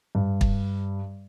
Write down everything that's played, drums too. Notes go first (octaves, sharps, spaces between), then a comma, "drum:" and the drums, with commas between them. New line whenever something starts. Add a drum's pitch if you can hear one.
G2
drum: kick